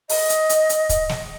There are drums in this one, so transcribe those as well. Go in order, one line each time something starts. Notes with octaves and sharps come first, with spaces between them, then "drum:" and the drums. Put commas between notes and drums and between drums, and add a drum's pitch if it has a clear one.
D#5, drum: open hi-hat
drum: hi-hat
drum: hi-hat
drum: hi-hat
drum: kick, hi-hat
drum: snare